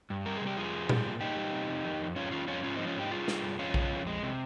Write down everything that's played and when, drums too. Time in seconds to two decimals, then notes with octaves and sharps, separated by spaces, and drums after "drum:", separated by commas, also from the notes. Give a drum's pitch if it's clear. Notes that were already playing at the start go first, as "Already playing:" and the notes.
0.10 G2
0.26 G3 A#4
0.37 G#4
0.42 C3
0.47 G4
0.57 F2 F4 G#4
0.73 G3
0.89 G3, drum: tom A#2
1.05 A#2
1.21 G3 D#4 G4
1.37 G3
1.52 C3
1.69 F2
1.85 D#3
2.00 F2
2.16 F2 C#4 F4
2.32 D#3 C#4 F4
2.48 F2 C#4 F4
2.64 G#2 C#4 F4
2.75 F3 C4 D#4
2.87 C#4 F4
2.96 G#2 D#4 G4
3.11 G3 F4 G#4
3.28 G3, drum: snare
3.43 G2
3.59 F2 C#4 F4
3.74 C#3, drum: kick A#1
3.91 F2
4.07 G#3
4.23 C3